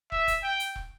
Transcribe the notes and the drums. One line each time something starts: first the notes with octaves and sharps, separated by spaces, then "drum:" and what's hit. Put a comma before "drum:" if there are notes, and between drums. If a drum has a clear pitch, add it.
E5, drum: kick
drum: kick, hi-hat
G5
drum: hi-hat
drum: kick